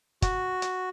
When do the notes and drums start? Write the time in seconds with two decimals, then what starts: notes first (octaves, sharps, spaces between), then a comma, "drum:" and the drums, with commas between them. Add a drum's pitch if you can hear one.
0.22 F#4, drum: kick, hi-hat
0.62 drum: hi-hat